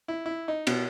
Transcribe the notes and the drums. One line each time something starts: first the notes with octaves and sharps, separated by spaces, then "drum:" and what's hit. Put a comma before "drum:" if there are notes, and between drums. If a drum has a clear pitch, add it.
E4
E4
D#4
B2, drum: cymbal